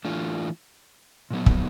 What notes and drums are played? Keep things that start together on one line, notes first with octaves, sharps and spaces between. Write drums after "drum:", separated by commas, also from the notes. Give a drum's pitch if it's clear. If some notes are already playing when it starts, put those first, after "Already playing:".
E3 A3 D4 F4
A#2 F#3 B3
drum: kick